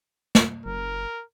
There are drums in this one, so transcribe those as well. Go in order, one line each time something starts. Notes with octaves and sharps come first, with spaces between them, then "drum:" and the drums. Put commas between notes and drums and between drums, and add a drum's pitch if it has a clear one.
drum: snare
F#1 A#4